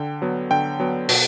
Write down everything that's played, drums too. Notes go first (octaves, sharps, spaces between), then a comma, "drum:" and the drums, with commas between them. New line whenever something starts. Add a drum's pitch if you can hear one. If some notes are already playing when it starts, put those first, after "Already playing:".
Already playing: D3 G5
F#3 B3
D3 G5
F#3 B3
B2, drum: open hi-hat